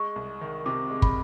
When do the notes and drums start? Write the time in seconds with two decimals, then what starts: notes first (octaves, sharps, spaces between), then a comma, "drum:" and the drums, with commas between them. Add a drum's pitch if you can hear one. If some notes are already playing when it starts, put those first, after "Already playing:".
Already playing: G#3 C#6
0.16 C2
0.41 D#3
0.66 C3 D6
0.90 G#3
1.02 B5, drum: kick